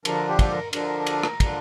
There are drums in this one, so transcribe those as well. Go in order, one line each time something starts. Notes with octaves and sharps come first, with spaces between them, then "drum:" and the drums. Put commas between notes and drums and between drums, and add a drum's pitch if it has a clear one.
D3 F3 D4 A#4, drum: cymbal
G4
drum: kick, cymbal
A#4
D3 F3 D4 A#4, drum: cymbal
drum: cymbal
drum: rim click
D3 F3 D4, drum: kick, cymbal